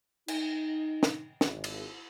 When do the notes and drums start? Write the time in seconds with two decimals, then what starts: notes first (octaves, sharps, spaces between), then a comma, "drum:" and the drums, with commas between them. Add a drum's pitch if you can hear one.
0.28 D#4, drum: cymbal
1.03 drum: snare
1.41 G#1, drum: snare
1.64 drum: cymbal